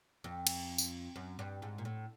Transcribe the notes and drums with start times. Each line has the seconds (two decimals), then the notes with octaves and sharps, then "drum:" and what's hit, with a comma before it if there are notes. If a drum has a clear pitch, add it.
0.24 F2
0.47 drum: cymbal
0.78 drum: tambourine
1.16 F#2
1.39 G2
1.62 G#2
1.78 A#2
1.85 A2